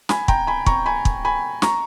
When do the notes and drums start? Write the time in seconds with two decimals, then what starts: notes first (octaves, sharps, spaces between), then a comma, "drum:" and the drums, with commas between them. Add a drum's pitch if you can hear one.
0.09 G#5 B5, drum: snare
0.28 G5 A#5, drum: kick
0.47 G#5 B5
0.66 A#5 C#6, drum: kick
0.86 G#5 B5
1.05 drum: kick
1.25 G#5 B5
1.62 A#5 C#6, drum: snare